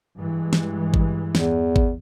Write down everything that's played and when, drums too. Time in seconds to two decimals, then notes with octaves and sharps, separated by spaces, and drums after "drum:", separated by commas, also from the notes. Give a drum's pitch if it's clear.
0.16 G2 E3 G#3
0.53 drum: snare
0.94 drum: kick G#1
1.35 E2, drum: snare
1.76 drum: kick G#1